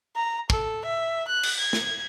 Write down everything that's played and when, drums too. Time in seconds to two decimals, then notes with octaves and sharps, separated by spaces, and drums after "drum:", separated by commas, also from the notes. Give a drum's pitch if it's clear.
0.16 A#5
0.50 A4, drum: kick
0.85 E5
1.28 F#6
1.43 drum: cymbal
1.59 G#6
1.73 drum: snare